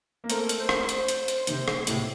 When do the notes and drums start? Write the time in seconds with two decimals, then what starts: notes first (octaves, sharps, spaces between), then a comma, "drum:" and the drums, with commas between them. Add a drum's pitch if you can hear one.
0.24 A#3
0.30 A3 C4 A#4, drum: hi-hat
0.49 drum: hi-hat
0.60 C5
0.69 drum: rim click
0.89 drum: hi-hat
1.08 drum: hi-hat
1.28 drum: hi-hat
1.47 C3 D#3, drum: hi-hat
1.68 drum: rim click
1.87 A2 C3, drum: hi-hat